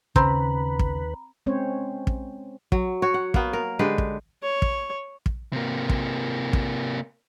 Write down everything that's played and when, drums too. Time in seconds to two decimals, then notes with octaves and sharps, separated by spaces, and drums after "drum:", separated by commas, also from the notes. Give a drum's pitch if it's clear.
0.16 D#2 C#3 C4 B4 A#5 B5, drum: kick
0.79 drum: kick
1.46 G#3 C4 C#4 C5 C#5
2.07 drum: kick
2.72 F#3, drum: kick
3.02 F#4 C#5
3.14 F#5
3.34 A#3 B3, drum: kick
3.53 A#4
3.79 D3 G#3 G4 B4
3.98 drum: kick
4.43 C#5
4.62 drum: kick
5.26 drum: kick
5.53 C3 A#3
5.89 drum: kick
6.53 drum: kick